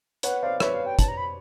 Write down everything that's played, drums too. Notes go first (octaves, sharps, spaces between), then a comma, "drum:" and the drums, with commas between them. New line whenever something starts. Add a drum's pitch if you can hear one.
B4 C#5 F#5, drum: hi-hat
C5 D5 F5
B4 C#5 E5, drum: rim click
F5
G5
A5, drum: kick, hi-hat
A#5
B5